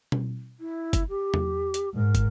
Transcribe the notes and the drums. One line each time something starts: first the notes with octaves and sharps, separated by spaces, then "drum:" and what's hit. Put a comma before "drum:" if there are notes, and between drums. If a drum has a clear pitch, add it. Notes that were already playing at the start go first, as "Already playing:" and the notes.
drum: tom B2
E4
drum: kick, hi-hat
G4
drum: tom E2
drum: hi-hat
G#2 A#4
drum: kick, hi-hat